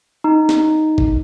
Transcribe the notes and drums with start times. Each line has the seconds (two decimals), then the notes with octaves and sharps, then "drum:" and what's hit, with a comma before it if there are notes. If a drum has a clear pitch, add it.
0.24 D#4
0.49 drum: snare
0.98 drum: kick G1